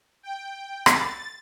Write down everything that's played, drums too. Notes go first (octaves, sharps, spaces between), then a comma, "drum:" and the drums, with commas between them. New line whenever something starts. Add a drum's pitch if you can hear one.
G5
A6, drum: rim click